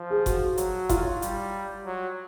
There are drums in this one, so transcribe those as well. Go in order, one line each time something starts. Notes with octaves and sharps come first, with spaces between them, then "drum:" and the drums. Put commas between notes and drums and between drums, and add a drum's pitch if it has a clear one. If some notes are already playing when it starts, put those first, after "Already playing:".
Already playing: F3
G#4
F#4, drum: kick F#1, hi-hat
F#3, drum: hi-hat
F4, drum: kick F#1, hi-hat
G3, drum: hi-hat
F#3